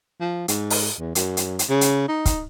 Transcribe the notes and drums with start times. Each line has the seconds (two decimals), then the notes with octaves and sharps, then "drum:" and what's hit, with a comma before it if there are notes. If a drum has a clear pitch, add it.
0.21 F3
0.48 G#2, drum: hi-hat
0.70 drum: open hi-hat
0.99 E2
1.15 F#2, drum: hi-hat
1.37 drum: hi-hat
1.59 drum: hi-hat
1.70 C#3
1.81 drum: hi-hat
2.08 D#4
2.25 drum: kick, hi-hat